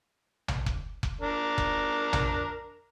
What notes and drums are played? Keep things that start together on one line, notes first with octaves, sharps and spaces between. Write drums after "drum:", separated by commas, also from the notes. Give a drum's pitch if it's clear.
drum: tom A#1
drum: kick F1
drum: kick F1
D4 A#4
drum: kick F1
drum: tom A#1